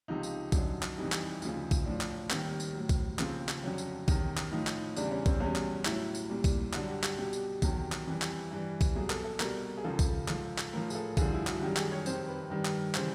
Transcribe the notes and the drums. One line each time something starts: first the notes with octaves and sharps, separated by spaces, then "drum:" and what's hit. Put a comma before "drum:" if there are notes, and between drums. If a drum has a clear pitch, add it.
C#2 C3 F3 D#4
drum: tambourine
F#2 D3 F#3, drum: kick A#1, tambourine
drum: clap
F2 C3 E3 G3 D#4
drum: clap
D2 C#3 F3, drum: tambourine
drum: kick A#1, tambourine
A2 F3 D4
drum: clap
D#2 D#3 G3 C4, drum: clap
drum: tambourine
A2 F#3
drum: kick A#1, tambourine
D#2 C#3 F3 C4, drum: clap
drum: clap
F2 D3 F#3 C#4
drum: tambourine
E2 C3 D#3, drum: kick A#1, tambourine
drum: clap
A2 F3 D#4
drum: clap
E2 C#3 E3 G3 D4, drum: tambourine
C#4
C4, drum: kick A#1, tambourine
E2 B2 G3 C#4
drum: clap
A2 F#3 E4, drum: clap
drum: tambourine
C2 A#2 G3
drum: kick A#1, tambourine
G2 D3 F#3 F#4, drum: clap
G4
drum: clap
C2 B2 G3 G4
drum: tambourine
E2 C3 D#3 F#3, drum: kick A#1, tambourine
drum: clap
F2 C3 E3 G3
drum: clap
G2 E3 G3
drum: kick A#1, tambourine
C2 B2 F#3 G#4
A4, drum: clap
A4
C2 B2 G3 A#4, drum: clap
G#4
C#2 C#3 F3 A4
drum: kick A#1, tambourine
G#2 F3, drum: clap
drum: clap
A2 F3 A#4
G#4, drum: tambourine
A4
G2 D3 F3 G#4, drum: kick A#1, tambourine
E4
F#4, drum: clap
F#2 D#3 G3 G4
G#4, drum: clap
C#5
F2 C3 D#3 C5, drum: tambourine
B4
G2 D#3 G3
drum: clap
C#3 E3 G3 C5, drum: clap